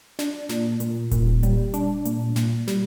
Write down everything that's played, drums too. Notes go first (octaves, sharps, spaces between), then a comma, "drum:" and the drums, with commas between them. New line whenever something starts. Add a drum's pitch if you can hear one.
D4, drum: snare
A#2, drum: snare
A#2, drum: hi-hat
A#2, drum: kick E1, hi-hat
G3, drum: hi-hat
D4, drum: hi-hat
A#2, drum: hi-hat
A#2, drum: snare
G3, drum: snare